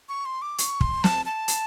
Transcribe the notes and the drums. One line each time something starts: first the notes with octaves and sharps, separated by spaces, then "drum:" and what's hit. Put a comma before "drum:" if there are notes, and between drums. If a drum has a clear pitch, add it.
C#6
C6
D6
C#6, drum: hi-hat
C6, drum: kick
A5, drum: snare
A5
drum: hi-hat